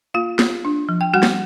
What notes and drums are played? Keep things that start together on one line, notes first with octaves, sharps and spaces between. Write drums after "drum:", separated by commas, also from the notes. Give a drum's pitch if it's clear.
A#3 F4 F5
F4, drum: snare
D4
F3
G5
G3 F#4 F#5
drum: snare